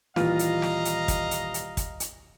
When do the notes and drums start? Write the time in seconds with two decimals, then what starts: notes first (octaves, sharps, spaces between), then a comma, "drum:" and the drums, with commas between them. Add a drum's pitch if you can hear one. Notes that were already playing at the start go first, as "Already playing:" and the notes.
0.16 D#1 E3 F4 D#5 F5 A#5, drum: snare
0.39 drum: hi-hat
0.62 drum: snare
0.85 drum: hi-hat
1.08 drum: kick, hi-hat
1.31 drum: hi-hat
1.54 drum: hi-hat
1.77 drum: kick, hi-hat
2.00 drum: hi-hat